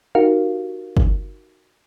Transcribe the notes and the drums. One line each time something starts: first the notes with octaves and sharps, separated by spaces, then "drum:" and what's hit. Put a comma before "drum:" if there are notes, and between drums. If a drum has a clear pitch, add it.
D#4 F#4 G4 A#4 F5
drum: kick